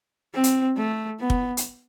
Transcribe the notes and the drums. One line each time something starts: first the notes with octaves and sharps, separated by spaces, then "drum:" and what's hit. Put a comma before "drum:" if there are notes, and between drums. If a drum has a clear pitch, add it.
C4
drum: hi-hat
A3
B3
drum: kick
drum: hi-hat